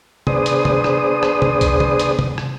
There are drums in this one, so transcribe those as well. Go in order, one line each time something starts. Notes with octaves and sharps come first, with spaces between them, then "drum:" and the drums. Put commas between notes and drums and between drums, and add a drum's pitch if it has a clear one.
B3 D4 G#4 C5 D#6, drum: tom
drum: hi-hat
drum: tom
drum: rim click
drum: rim click
drum: tom
drum: kick, hi-hat
drum: tom
drum: hi-hat
drum: tom
drum: rim click